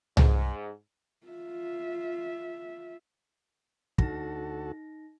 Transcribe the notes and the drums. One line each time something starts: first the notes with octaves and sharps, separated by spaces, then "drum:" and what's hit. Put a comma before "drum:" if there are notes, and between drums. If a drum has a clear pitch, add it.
G#2, drum: tom C2
F4 E5
D2 D#4 F#4 A4 A#6, drum: kick